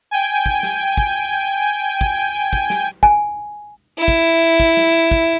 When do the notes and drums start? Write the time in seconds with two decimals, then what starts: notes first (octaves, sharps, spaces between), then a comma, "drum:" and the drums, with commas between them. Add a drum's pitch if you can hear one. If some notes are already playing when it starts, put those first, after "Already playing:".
0.11 G5 G#5
0.46 drum: kick
0.63 drum: snare
0.97 drum: kick
2.01 drum: kick
2.53 drum: kick
2.70 drum: snare
3.03 G#5, drum: kick
3.98 E4
4.08 drum: kick
4.60 drum: kick
4.77 drum: snare
5.11 drum: kick